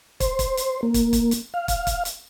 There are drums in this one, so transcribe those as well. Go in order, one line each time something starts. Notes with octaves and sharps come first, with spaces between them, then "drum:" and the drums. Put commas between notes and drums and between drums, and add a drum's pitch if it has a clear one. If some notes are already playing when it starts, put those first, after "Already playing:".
C5, drum: kick, hi-hat
drum: kick, hi-hat
drum: hi-hat
A#3
drum: kick, hi-hat
drum: kick, hi-hat
drum: hi-hat
F5
drum: kick, hi-hat
drum: kick, hi-hat
drum: hi-hat